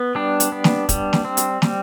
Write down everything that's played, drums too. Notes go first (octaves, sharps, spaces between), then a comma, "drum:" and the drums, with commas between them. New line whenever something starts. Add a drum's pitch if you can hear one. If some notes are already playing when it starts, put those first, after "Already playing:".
Already playing: B3
G3 D4
drum: hi-hat
B3
drum: snare
G3, drum: kick, hi-hat
drum: snare
C4
drum: hi-hat
G3, drum: snare